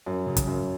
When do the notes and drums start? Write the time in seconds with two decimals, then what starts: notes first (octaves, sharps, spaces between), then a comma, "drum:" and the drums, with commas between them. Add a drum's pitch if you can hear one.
0.06 F#2
0.26 C#3
0.37 drum: kick, hi-hat
0.47 F#2